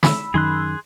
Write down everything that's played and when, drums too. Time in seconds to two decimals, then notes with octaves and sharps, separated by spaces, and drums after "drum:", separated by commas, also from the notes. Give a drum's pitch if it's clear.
0.03 B5 E6, drum: snare
0.34 F#2 D#3 G#4 C6 F#6